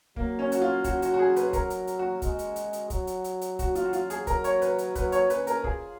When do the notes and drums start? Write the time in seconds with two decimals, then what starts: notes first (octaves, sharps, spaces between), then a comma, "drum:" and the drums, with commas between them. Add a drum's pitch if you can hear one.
0.16 F#3 A#3, drum: kick
0.39 C#4
0.52 F#4, drum: hi-hat
0.62 F4
0.84 F#4, drum: kick, hi-hat
1.02 F#4, drum: hi-hat
1.14 F#4
1.19 G#4
1.36 B4, drum: hi-hat
1.48 B4
1.53 A#4, drum: kick, hi-hat
1.70 drum: hi-hat
1.87 drum: hi-hat
1.99 F#4
2.22 G#3, drum: kick, hi-hat
2.39 drum: hi-hat
2.56 drum: hi-hat
2.73 drum: hi-hat
2.90 F#3, drum: kick, hi-hat
3.07 drum: hi-hat
3.24 drum: hi-hat
3.42 drum: hi-hat
3.59 F#4, drum: kick, hi-hat
3.75 F4, drum: hi-hat
3.85 F#4
3.93 F4, drum: hi-hat
4.10 G#4, drum: hi-hat
4.27 F#3 A#4, drum: kick, hi-hat
4.44 C#5, drum: hi-hat
4.62 B4, drum: hi-hat
4.79 drum: hi-hat
4.95 F#3 B4, drum: kick, hi-hat
5.12 C#5, drum: hi-hat
5.30 C#4 B4, drum: hi-hat
5.47 A#4, drum: hi-hat
5.64 F4 G#4, drum: kick